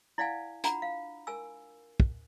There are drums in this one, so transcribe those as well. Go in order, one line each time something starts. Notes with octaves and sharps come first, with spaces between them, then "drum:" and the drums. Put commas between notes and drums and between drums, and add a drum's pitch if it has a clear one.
E4 D5 F5 F#5 G#5
D4 F4 F#5 A#5 B5, drum: hi-hat
F5
A#4 G#5 E6
drum: kick